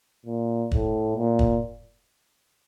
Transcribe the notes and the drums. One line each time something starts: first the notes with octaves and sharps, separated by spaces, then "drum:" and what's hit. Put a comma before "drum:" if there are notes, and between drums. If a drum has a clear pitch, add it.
A#2
A2, drum: kick
A#2
drum: kick